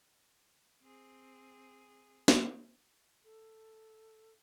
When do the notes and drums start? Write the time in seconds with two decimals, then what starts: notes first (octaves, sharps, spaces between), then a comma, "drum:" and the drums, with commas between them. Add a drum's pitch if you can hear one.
0.82 C4 G#4
2.28 drum: snare
3.24 A4